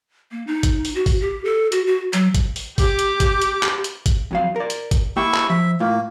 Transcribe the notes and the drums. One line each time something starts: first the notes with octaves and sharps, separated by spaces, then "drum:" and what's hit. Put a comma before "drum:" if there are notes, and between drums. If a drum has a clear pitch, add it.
A#3
D#4
drum: kick G#1, hi-hat
drum: open hi-hat
F#4
drum: kick G#1, open hi-hat
G4
A4
F#4, drum: hi-hat
F#4
F#3, drum: hi-hat
drum: kick G#1, hi-hat
drum: open hi-hat
G4 D6, drum: kick G#1, open hi-hat
drum: hi-hat
drum: kick G#1, hi-hat
drum: hi-hat
drum: clap
drum: hi-hat
drum: kick G#1, hi-hat
F2 F#3 F5
A#4 D5
drum: hi-hat
drum: kick G#1, hi-hat
A#3 E4 G4 G5 C#6 E6
drum: clap
F3 E5
A2 A#3 F4